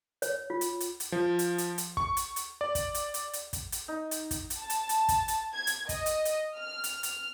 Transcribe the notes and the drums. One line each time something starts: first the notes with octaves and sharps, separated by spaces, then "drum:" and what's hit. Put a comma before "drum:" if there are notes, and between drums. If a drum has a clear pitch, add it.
C#5, drum: hi-hat
F4
drum: hi-hat
drum: hi-hat
drum: hi-hat
F3
drum: hi-hat
drum: hi-hat
drum: hi-hat
C#6, drum: kick
drum: hi-hat
drum: hi-hat
D5
drum: kick, hi-hat
drum: hi-hat
drum: hi-hat
drum: hi-hat
drum: kick, hi-hat
drum: hi-hat
D#4
drum: hi-hat
drum: kick, hi-hat
drum: hi-hat
A5
drum: hi-hat
drum: hi-hat
drum: kick, hi-hat
drum: hi-hat
G#6
drum: hi-hat
D#5, drum: kick, hi-hat
drum: hi-hat
drum: hi-hat
F6
drum: hi-hat
drum: hi-hat